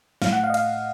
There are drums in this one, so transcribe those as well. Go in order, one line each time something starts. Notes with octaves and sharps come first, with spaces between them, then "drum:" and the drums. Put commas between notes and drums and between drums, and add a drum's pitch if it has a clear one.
A2 F5, drum: snare
F#5
F5
D#5
F5, drum: cymbal